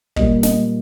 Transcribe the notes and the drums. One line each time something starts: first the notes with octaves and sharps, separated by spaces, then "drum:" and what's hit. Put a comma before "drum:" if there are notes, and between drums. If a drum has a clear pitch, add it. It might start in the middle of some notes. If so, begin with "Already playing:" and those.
A#2 G3 A#3 D#5, drum: kick
D#5, drum: snare